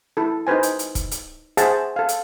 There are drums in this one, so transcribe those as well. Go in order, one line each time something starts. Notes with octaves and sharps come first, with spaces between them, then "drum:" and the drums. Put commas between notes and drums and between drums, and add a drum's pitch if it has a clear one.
E4 A4
D#4 F#4 B4 C5 G#5
drum: hi-hat
drum: hi-hat
drum: kick, hi-hat
drum: hi-hat
G#4 C5 E5 F#5 G#5 A5, drum: hi-hat
A4 F5
drum: hi-hat